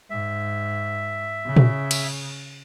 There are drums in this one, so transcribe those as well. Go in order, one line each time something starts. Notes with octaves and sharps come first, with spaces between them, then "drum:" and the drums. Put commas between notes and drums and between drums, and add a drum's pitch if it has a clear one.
G#2 E5
C#3
drum: tom
drum: cymbal